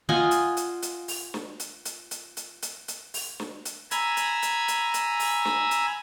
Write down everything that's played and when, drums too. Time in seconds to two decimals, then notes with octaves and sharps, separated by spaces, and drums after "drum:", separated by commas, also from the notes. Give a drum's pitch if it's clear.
0.09 F4 D#5 F#5 G#5
0.31 drum: hi-hat
0.57 drum: hi-hat
0.82 drum: hi-hat
1.08 drum: open hi-hat
1.34 drum: snare
1.60 drum: hi-hat
1.85 drum: hi-hat
2.11 drum: hi-hat
2.37 drum: hi-hat
2.62 drum: hi-hat
2.88 drum: hi-hat
3.14 drum: open hi-hat
3.40 drum: snare
3.65 drum: hi-hat
3.91 G#5 A#5 B5 E6 G#6, drum: hi-hat
4.17 drum: hi-hat
4.42 drum: hi-hat
4.68 drum: hi-hat
4.94 drum: hi-hat
5.20 drum: open hi-hat
5.45 drum: snare
5.71 drum: hi-hat